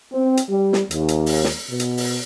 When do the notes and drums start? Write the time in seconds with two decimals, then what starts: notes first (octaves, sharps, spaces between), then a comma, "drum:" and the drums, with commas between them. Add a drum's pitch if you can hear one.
0.12 C4
0.37 drum: hi-hat
0.49 G3
0.73 drum: snare
0.91 D#2, drum: hi-hat
1.08 drum: hi-hat
1.26 drum: open hi-hat
1.44 drum: snare
1.70 B2
1.80 drum: hi-hat
1.97 drum: open hi-hat